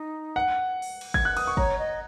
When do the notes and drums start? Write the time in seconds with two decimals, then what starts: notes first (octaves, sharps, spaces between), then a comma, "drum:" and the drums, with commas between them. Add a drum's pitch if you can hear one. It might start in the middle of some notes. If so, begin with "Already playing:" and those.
Already playing: D#4
0.36 F#5
0.82 drum: open hi-hat
1.01 drum: cymbal
1.14 G#6, drum: kick
1.25 F#6
1.37 D#6, drum: cymbal
1.47 C#6
1.57 C#5 A#5, drum: kick
1.78 D#5